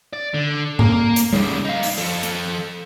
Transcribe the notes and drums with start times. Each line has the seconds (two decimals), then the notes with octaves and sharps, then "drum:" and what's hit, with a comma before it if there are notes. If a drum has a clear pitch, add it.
0.13 D5
0.34 D3
0.79 A#3, drum: tom G#2
1.16 drum: hi-hat
1.33 C#3 G3, drum: tom G3
1.65 D#4 F5
1.83 drum: open hi-hat
1.98 F3 A4
2.23 drum: hi-hat